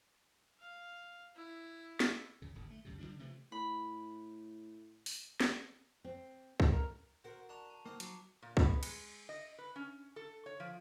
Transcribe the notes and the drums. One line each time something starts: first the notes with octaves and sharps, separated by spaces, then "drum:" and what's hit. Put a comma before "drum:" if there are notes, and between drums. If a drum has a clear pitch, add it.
F5
E4
drum: snare
D#2 C#3
D1 G#1 D#2 D3
A3
C#2 F#2 C3
D3 F3 G3 D4
C3 E3 F3 A3
A2 B5
drum: open hi-hat
drum: snare
C4
drum: kick C#2
A#4
F#4 A#4 C5
D4 A#5 C#6 F7
A5
A#3 C4 D#4
F#3 A#5 D6 C7, drum: hi-hat
A#2
B3, drum: kick C#2
G#3, drum: cymbal
D#5
B4
C#4
A4
C#5
F3